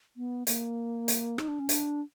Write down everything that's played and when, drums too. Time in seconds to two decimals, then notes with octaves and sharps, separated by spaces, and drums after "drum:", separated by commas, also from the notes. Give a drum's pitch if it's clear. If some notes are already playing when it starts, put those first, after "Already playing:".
0.17 B3
0.47 A#3, drum: hi-hat
1.08 drum: hi-hat
1.38 D#4, drum: rim click
1.48 D4
1.60 C#4
1.69 D4, drum: hi-hat